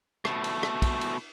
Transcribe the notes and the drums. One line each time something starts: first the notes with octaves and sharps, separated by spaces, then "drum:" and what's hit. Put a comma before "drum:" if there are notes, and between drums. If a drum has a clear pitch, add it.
B2 A3, drum: rim click
drum: cymbal
drum: rim click
drum: kick, cymbal
drum: cymbal